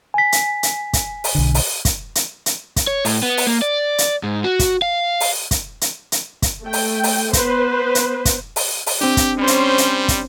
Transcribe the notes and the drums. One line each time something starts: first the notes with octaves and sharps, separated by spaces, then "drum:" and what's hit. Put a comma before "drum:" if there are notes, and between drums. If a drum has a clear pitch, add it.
G#5 B6
drum: hi-hat
drum: hi-hat
drum: kick, hi-hat
drum: open hi-hat
B1 D3
drum: open hi-hat
drum: kick, hi-hat
drum: hi-hat
drum: hi-hat
drum: kick, hi-hat
C#5
A2, drum: open hi-hat
B3
drum: open hi-hat
A#3
D5
drum: hi-hat
G#2
F#4
drum: kick, hi-hat
F5
drum: open hi-hat
drum: kick, hi-hat
drum: hi-hat
drum: hi-hat
drum: kick, hi-hat
A3 G5
drum: open hi-hat
drum: open hi-hat
B3 B4 C5, drum: kick, hi-hat
drum: hi-hat
drum: kick, hi-hat
drum: open hi-hat
drum: open hi-hat
C4 D4 G4
drum: kick, hi-hat
G3 C#4 C5
drum: hi-hat
drum: hi-hat
drum: kick, hi-hat